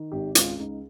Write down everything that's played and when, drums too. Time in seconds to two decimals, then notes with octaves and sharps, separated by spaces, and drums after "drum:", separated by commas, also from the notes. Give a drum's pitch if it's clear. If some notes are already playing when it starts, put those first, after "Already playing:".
Already playing: D#3
0.12 G#1 G4
0.35 C#2 F4, drum: hi-hat
0.59 C#2 D#4